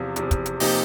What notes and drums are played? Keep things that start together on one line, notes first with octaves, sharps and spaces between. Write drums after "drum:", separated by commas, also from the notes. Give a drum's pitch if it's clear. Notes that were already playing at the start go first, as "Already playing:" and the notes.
Already playing: E2 C3 F3
E2 C3 F3, drum: hi-hat
drum: kick, hi-hat
drum: hi-hat
C3 F3 A#3 D#4 G4, drum: open hi-hat